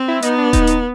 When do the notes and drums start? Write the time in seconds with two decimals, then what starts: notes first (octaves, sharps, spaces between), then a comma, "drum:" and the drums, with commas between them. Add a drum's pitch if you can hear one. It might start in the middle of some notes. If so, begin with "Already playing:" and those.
Already playing: C4
0.08 E4
0.22 B3 D#4, drum: hi-hat
0.38 D4
0.53 D#4, drum: kick D#1, hi-hat
0.67 drum: hi-hat